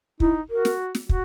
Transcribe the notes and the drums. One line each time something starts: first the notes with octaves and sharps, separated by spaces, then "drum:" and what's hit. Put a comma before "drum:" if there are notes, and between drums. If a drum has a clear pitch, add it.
D#4 E4, drum: kick
F#4 A#4
drum: snare
drum: snare
F#4, drum: kick